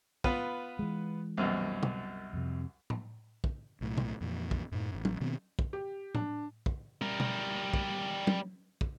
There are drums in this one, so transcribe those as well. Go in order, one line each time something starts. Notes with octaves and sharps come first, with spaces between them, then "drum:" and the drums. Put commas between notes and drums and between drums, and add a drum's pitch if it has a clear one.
B3 F4 B4, drum: kick
E3 G#3
C2 F#2 B2
drum: tom
F2 C3
drum: tom A2
drum: kick
B1 A2
drum: tom
F2 A#2 E3
drum: kick
F#2 A2
A1
drum: tom
B2 D#3 B3 C4
drum: kick
G4
D4, drum: tom A2
drum: kick
G3 A#4
drum: tom
drum: kick
drum: tom
drum: kick